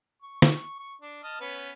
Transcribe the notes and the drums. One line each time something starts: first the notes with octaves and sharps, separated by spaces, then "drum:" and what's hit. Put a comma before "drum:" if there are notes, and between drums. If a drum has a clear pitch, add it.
C#6
C#6, drum: snare
C#6
D4
D#5 A5 F6
B3 C#4 B4